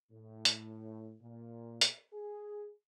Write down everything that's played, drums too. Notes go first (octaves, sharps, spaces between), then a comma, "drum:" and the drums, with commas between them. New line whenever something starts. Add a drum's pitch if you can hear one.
A2
drum: hi-hat
A#2
drum: hi-hat
G#4